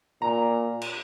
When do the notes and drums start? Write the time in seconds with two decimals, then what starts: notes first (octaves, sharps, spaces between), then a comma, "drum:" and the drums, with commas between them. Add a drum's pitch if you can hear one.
0.22 A#2 A#5
0.82 drum: cymbal